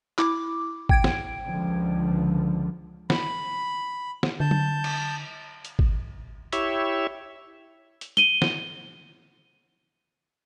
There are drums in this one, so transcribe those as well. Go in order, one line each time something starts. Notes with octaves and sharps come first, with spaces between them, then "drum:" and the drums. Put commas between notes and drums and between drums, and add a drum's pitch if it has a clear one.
E4 D6, drum: clap
G5 G#6 D7, drum: kick
drum: snare
C#2 D3 F3
B5, drum: snare
drum: snare
D3 A5 G6
drum: tom
drum: cymbal
drum: hi-hat
drum: kick
E4 G4 C#5 E5, drum: hi-hat
drum: hi-hat
D#7 G7, drum: hi-hat
drum: snare